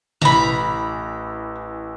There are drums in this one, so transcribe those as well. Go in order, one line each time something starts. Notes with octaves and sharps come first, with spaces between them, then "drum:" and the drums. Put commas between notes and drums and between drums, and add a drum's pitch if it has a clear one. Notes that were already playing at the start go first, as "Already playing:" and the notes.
A1 E3 A#5 B5, drum: tom B2